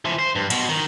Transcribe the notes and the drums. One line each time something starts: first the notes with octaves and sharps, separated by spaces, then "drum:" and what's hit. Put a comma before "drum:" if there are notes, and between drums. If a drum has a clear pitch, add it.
E3 F3
C5
G2
B2, drum: cymbal
D#3